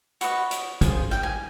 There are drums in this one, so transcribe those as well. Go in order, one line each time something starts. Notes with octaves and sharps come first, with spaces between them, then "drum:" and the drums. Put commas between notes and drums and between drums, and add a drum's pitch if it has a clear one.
F#4 B4 D#5 C#6, drum: hi-hat
drum: hi-hat
F4 G#4 C5, drum: kick, hi-hat
G5, drum: rim click
G#5